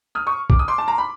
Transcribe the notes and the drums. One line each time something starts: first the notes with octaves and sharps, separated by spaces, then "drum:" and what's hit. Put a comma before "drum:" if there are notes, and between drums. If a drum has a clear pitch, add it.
D#6 F6
C#6 D#6
D6, drum: kick B1
D#6
C6 D6
A5
A#5
B5